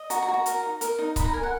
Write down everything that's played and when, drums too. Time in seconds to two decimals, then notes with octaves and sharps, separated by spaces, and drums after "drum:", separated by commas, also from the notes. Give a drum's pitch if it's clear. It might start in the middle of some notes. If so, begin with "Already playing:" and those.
Already playing: D#5
0.10 F#4 A#5, drum: hi-hat
0.23 A#5
0.28 F#4
0.34 A#5
0.46 A#4 A#5, drum: hi-hat
0.63 D#4
0.81 A#4, drum: hi-hat
0.99 D#4
1.16 D#4 B5, drum: kick C#1, hi-hat
1.25 A#5
1.33 A#4 G#5
1.43 F#5